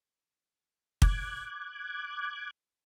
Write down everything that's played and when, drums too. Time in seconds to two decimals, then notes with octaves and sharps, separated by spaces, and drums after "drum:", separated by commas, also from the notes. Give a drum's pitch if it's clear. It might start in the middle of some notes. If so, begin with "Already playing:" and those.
1.02 D6 F#6 G#6, drum: kick